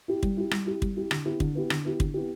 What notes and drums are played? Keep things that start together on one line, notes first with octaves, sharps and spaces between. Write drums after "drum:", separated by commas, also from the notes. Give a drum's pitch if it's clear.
E4 G4
G3, drum: kick
E4 G4
G3, drum: rim click
E4 G4
G3, drum: kick
E4 G4
D3, drum: rim click
B3 E4 G4
D3, drum: kick
B3 E4 G4
D3, drum: rim click
B3 E4 G4
D3, drum: kick
B3 E4 G4